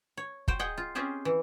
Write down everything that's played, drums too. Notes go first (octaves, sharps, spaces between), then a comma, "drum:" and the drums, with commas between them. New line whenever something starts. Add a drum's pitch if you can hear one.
C#5
F#4 C5 G5, drum: kick
G#4 D#5 F#5 G5
F4
C4 C#4 F4 G4 G#4 C5
E3